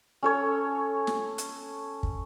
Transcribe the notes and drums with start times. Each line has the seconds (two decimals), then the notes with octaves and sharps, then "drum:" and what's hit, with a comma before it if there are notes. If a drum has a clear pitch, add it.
0.23 C#4 A4 C#5
1.07 drum: snare
1.38 drum: hi-hat
2.03 drum: kick